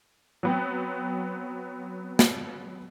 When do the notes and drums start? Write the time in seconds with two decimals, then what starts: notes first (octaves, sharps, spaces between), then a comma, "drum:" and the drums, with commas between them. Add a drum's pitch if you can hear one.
0.43 F#3 B3 C4
2.19 drum: snare